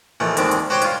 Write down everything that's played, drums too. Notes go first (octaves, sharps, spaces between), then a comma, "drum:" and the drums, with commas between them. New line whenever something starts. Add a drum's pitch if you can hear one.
A#1 B2 E3 A3
D#2 G#2 C4 D4, drum: hi-hat
drum: hi-hat
F#4 G4 C5 C#5 G5 C6
G2 F4, drum: hi-hat